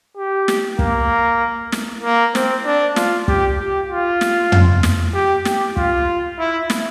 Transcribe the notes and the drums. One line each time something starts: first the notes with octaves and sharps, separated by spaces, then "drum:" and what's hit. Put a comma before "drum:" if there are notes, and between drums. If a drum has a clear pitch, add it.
G4
drum: snare
A#3, drum: kick
drum: snare
A#3
C4, drum: snare
D4
F4, drum: snare
G4, drum: kick
G4
F4
drum: snare
drum: tom
drum: snare
G4
G4, drum: snare
F4, drum: kick
E4
drum: snare